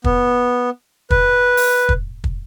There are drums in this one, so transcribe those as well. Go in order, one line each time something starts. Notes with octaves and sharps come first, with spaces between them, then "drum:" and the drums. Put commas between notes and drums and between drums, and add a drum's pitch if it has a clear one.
B3, drum: kick
B4, drum: kick
drum: open hi-hat
drum: kick
drum: kick